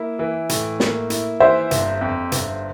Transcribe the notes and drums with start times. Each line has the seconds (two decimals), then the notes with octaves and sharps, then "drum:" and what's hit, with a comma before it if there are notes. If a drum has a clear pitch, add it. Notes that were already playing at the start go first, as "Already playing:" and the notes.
Already playing: A#3 E4
0.19 E3
0.49 A2, drum: hi-hat
0.80 A#3, drum: snare
1.10 E4, drum: hi-hat
1.40 E3 C5 E5
1.71 G1, drum: hi-hat
2.01 F2
2.32 G1, drum: hi-hat